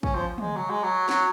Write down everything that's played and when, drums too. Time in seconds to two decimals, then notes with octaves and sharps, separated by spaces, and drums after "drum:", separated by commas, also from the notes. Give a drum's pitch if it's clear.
0.03 C#4, drum: kick
0.15 F3
0.38 G#3, drum: tom
0.56 F#3
0.70 G#3
0.83 F#3
1.09 F#3, drum: snare